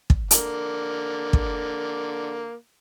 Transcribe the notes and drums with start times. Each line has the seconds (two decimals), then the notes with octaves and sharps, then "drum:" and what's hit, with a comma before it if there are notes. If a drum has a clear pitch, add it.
0.10 drum: kick
0.31 D3 A#3, drum: hi-hat
1.33 drum: kick